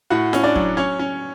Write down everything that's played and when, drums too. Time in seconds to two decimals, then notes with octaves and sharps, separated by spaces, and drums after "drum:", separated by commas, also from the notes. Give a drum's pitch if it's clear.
0.10 A2 F#4 F#5
0.33 C#4, drum: snare F4
0.43 D4 D5
0.56 F#3, drum: kick
0.77 C#4 C#5
0.99 C#4